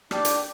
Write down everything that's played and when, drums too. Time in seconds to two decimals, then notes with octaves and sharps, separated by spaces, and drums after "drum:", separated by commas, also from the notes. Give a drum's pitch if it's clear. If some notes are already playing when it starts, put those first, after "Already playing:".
0.11 D4 G4 D5, drum: rim click
0.25 drum: hi-hat